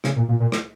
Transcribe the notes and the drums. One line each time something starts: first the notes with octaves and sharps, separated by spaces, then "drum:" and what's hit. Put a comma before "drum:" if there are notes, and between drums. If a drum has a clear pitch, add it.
C#3, drum: rim click
A#2
A#2
A#2
drum: rim click